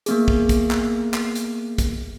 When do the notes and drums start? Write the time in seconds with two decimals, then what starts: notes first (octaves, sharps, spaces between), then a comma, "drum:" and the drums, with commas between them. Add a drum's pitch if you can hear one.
0.06 A#3 B3 G#4, drum: hi-hat
0.28 drum: kick
0.49 drum: kick, hi-hat
0.71 drum: clap
1.14 drum: clap
1.35 drum: hi-hat
1.78 drum: kick, hi-hat